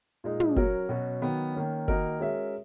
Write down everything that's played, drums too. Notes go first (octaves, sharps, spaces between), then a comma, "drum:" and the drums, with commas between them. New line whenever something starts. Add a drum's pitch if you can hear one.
A#2 G#3 D#4
drum: tom
F#3 C#4 F#4 A#4 C#5, drum: kick F#1
B2 F#3 C#4 F#4
D#3 F#3 B3
D#3 A#3 C#4
D#3 A#3 D#4 F#4 A#4, drum: kick F#1
G#3 C#4 F#4 A#4 E5